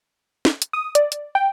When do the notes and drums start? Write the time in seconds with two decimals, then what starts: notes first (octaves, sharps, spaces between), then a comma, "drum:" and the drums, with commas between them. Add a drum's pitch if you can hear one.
0.45 drum: snare
0.62 drum: hi-hat
0.73 D#6
0.95 D5, drum: hi-hat
1.12 drum: hi-hat
1.35 G5